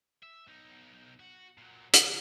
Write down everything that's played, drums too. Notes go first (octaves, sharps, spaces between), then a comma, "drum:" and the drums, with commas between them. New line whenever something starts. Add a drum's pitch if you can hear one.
E5
B1 D#4
F#4
A#2 F#3
D3, drum: hi-hat